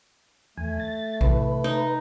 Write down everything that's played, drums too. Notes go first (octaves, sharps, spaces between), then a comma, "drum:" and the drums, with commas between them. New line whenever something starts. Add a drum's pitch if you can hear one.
E2 A3 G#5
A6
C3 E3 B4, drum: kick B1
D#4